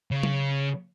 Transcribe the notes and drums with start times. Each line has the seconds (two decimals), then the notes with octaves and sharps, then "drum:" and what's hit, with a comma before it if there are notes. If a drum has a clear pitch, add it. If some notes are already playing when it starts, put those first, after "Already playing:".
0.11 C#3
0.23 drum: tom